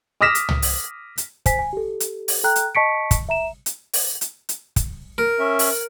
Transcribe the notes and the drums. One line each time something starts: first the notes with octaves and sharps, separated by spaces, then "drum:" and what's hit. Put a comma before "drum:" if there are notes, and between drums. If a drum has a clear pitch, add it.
D6 D#6 F6 A#6 B6 E7
drum: hi-hat
drum: tom
drum: open hi-hat
drum: hi-hat
C5 G#5 B6, drum: kick, hi-hat
G#5
G4 A4
drum: hi-hat
drum: open hi-hat
A4 G5 A#5 F#6
drum: hi-hat
D#5 A5 C#6 B6 C#7 D7
drum: kick, hi-hat
E5 A#5 E7
drum: hi-hat
drum: open hi-hat
drum: hi-hat
drum: hi-hat
drum: kick, hi-hat
A#4
C#4 E5
drum: open hi-hat